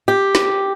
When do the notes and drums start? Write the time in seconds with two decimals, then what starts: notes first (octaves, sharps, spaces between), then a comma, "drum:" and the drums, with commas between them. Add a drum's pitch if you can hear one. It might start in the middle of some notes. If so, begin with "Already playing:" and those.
0.08 G4
0.35 drum: snare